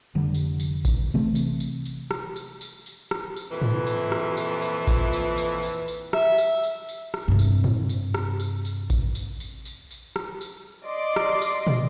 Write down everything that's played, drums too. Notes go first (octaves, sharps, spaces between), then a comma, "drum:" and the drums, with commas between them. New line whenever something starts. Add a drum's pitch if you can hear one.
F1 D3 G3
drum: tambourine
drum: tambourine
drum: kick A1, tambourine
C3 E3 A3 C4
drum: tambourine
drum: tambourine
drum: tambourine
drum: rim click
drum: tambourine
drum: tambourine
drum: tambourine
drum: rim click
drum: tambourine
F2 A#2 E3
drum: tom G#2
drum: tambourine
drum: rim click
drum: tambourine
drum: tambourine
drum: kick A1, tambourine
drum: tambourine
drum: tambourine
drum: tambourine
drum: tambourine
E5, drum: rim click
drum: tambourine
drum: tambourine
drum: tambourine
drum: rim click
G2 C3
drum: tambourine
drum: tom G#2
drum: tambourine
drum: rim click
drum: tambourine
drum: tambourine
drum: kick A1, tambourine
drum: tambourine
drum: tambourine
drum: tambourine
drum: tambourine
drum: rim click
drum: tambourine
D5 D#5 C6 D6
drum: rim click
drum: tambourine
drum: tom